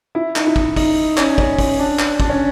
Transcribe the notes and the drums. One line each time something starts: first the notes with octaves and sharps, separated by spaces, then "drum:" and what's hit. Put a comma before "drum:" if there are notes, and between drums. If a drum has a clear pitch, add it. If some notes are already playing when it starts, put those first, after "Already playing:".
E4
D#4, drum: clap
E4
D#4, drum: kick
D#4, drum: kick, open hi-hat
C#4, drum: clap
C#4, drum: kick
C#4, drum: kick, open hi-hat
D4
drum: clap
D4, drum: kick
C#4